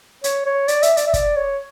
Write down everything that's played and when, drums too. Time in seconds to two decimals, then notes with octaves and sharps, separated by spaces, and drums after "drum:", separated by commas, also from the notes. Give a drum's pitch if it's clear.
0.24 C#5, drum: hi-hat
0.46 C#5
0.68 D5, drum: hi-hat
0.83 E5, drum: hi-hat
0.97 D5, drum: hi-hat
1.07 E5
1.14 D5, drum: kick, hi-hat
1.36 C#5